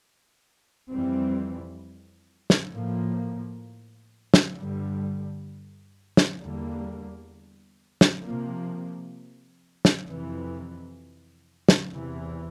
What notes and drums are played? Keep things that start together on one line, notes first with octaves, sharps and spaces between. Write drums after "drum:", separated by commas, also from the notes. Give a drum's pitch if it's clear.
F2 E3 G3 C4
drum: snare
A2 F3 A#3
drum: snare
G2 D3 G3
drum: snare
E2 D3 G3 A#3
drum: snare
C3 F3 A#3
drum: snare
F2 C3 E3
drum: snare
E2 C3 E3